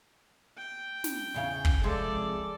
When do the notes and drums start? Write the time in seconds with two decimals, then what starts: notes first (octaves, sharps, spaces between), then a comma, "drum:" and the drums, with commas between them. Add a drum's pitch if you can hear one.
0.58 G5
1.04 drum: snare
1.34 E2 C#3 F5
1.65 drum: kick
1.83 C3 F3 G#3 A4 D5